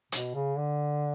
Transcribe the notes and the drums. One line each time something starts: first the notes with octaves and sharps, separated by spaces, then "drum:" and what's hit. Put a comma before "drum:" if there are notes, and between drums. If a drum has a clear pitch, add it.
B2, drum: hi-hat
C#3
D3